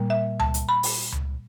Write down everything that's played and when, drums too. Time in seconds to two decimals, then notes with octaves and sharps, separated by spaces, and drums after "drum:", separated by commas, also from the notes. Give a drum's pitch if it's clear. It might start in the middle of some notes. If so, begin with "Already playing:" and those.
Already playing: A#2 G3 A#3
0.10 E5
0.40 A5, drum: tom C#2
0.54 drum: hi-hat
0.69 B5
0.83 drum: open hi-hat
1.12 drum: tom C#2